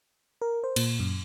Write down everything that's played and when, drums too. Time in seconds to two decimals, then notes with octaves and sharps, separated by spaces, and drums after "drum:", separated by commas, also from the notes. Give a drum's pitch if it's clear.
0.42 A#4
0.64 C5
0.76 A#2, drum: cymbal
1.00 F#2